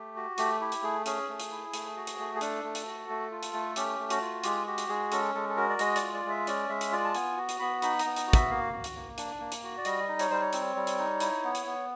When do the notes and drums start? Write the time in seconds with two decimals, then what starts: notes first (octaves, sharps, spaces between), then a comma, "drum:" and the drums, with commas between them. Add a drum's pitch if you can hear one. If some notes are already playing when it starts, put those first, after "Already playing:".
Already playing: A3 G4
0.16 F#4
0.38 A3 G4, drum: hi-hat
0.61 E4 G4
0.72 drum: hi-hat
0.83 A3 G#4
1.06 C#4 G#4, drum: hi-hat
1.29 A3
1.40 drum: hi-hat
1.51 E4
1.74 A3, drum: hi-hat
1.96 F#4
2.07 drum: hi-hat
2.19 A3
2.35 G#4
2.41 D4 A4, drum: hi-hat
2.64 A3
2.75 drum: hi-hat
2.86 F#4
3.09 A3
3.31 F4
3.43 drum: hi-hat
3.53 A3
3.76 C#4 G4, drum: hi-hat
3.99 A3
4.10 F#4, drum: hi-hat
4.21 F4
4.44 G#3 G4, drum: hi-hat
4.66 F#4 G4
4.78 drum: hi-hat
4.89 G#3 G#4
5.12 C#4 A4, drum: hi-hat
5.35 G#3 A4
5.49 A4
5.56 F#4 A#4
5.69 D5
5.79 G#3 D#5, drum: hi-hat
5.96 D5, drum: hi-hat
6.02 F4
6.14 D5
6.25 G#3 E5
6.47 C#4 D5, drum: hi-hat
6.69 G#3 E5
6.81 drum: hi-hat
6.92 F4 D5
7.05 A5
7.15 B3 G#5, drum: hi-hat
7.37 F#4
7.49 drum: hi-hat
7.59 B3 B5
7.82 D#4 B5, drum: hi-hat
7.99 A#5, drum: hi-hat
8.05 B3
8.16 A#5, drum: hi-hat
8.27 F#4
8.33 E5, drum: kick, hi-hat
8.50 A#3 F5
8.73 F#4
8.84 drum: hi-hat
8.96 A#3
9.18 D4, drum: hi-hat
9.40 A#3
9.52 drum: hi-hat
9.64 F#4
9.78 D5
9.85 G3 D#5, drum: hi-hat
10.08 D#4
10.19 C#5, drum: hi-hat
10.30 G3 C5
10.41 C#5
10.53 C4, drum: hi-hat
10.76 G3
10.87 drum: hi-hat
10.98 D#4
11.20 E4, drum: hi-hat
11.44 B3
11.55 drum: hi-hat
11.66 B3